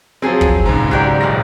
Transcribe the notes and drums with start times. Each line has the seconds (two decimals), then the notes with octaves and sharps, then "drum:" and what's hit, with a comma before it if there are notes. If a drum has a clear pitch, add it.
0.22 F3 F#3 C4 G#4
0.41 drum: kick
0.66 C#2 G#2
0.91 F#3 G4 D5
1.21 D#1 G3 G#3 A#6